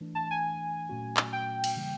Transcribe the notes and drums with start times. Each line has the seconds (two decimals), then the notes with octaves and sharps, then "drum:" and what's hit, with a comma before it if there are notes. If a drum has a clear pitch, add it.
0.01 E3 A3 D4
0.15 A5
0.31 G#5
0.89 A#2 F#3 A3 C#4 F#4
1.17 drum: clap
1.33 G5
1.64 drum: cymbal
1.76 C#3 E3 G3 A#3